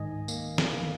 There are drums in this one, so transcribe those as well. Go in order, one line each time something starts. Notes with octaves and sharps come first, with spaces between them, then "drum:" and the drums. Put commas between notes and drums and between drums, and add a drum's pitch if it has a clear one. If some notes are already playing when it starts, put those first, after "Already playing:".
Already playing: G#2 D#3 D#5 G#5
A#3, drum: tambourine
drum: snare
A#3